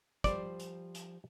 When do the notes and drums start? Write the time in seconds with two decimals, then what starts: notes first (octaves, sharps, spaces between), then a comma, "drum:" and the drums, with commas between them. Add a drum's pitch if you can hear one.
0.24 F3 G3 C5 D5, drum: kick, hi-hat
0.59 drum: hi-hat
0.95 drum: hi-hat